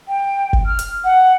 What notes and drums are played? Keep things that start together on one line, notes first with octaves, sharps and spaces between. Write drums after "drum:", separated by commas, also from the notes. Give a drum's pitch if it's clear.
G5
drum: kick
F6
drum: hi-hat
F#5